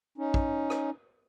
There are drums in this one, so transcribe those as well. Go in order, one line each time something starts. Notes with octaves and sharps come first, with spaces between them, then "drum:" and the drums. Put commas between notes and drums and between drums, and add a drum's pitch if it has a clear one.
C#4 D#4
drum: kick
drum: rim click